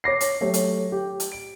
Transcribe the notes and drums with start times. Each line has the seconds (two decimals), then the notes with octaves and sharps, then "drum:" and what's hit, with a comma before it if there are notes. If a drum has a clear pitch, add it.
0.04 C#5 D6 A#6 C7
0.21 drum: hi-hat
0.41 F#3 A3 G4 C#5
0.54 drum: hi-hat
0.92 G4
1.20 drum: hi-hat
1.32 D7